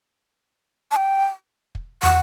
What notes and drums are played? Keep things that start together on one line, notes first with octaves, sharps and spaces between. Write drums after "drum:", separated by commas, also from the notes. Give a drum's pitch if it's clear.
A5
G5
drum: kick
F#5, drum: tom